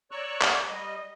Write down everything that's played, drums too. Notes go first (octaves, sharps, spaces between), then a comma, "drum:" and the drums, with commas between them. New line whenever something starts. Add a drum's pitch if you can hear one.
C#5 D5 A#5 C#6 E6 F#6
drum: clap
G3 D#5